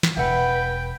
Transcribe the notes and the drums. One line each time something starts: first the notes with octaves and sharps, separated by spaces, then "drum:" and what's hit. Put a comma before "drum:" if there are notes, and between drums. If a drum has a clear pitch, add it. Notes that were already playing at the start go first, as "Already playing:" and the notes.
drum: snare
E1 B4 E5 F#5 G5